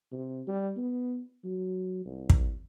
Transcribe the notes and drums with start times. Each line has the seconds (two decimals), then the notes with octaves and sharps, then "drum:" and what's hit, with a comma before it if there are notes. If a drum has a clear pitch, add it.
0.12 C3
0.47 G3
0.77 B3
1.44 F#3
2.06 C2
2.30 drum: kick